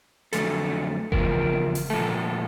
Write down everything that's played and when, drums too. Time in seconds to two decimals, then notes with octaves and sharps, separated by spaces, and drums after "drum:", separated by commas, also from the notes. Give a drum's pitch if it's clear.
0.33 F2 D3 F#3 A3 A4, drum: hi-hat
1.12 E2 C#3 F3 A#4, drum: kick F#1
1.75 drum: open hi-hat
1.90 A#2 F3 A3 A4